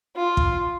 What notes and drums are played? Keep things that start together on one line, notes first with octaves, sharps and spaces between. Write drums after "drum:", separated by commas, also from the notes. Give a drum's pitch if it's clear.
F4
drum: kick